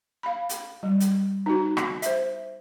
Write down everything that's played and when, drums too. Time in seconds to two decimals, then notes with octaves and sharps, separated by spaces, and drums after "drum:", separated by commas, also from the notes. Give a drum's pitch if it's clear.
0.23 F5 B5
0.49 drum: hi-hat
0.83 G3
1.00 drum: hi-hat
1.46 D#4 F#4
1.77 drum: rim click
2.02 C5 E5, drum: hi-hat